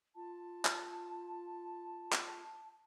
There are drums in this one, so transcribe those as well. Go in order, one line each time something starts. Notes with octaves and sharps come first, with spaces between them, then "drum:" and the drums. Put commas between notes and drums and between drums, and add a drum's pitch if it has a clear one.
F4 A5
drum: clap
drum: clap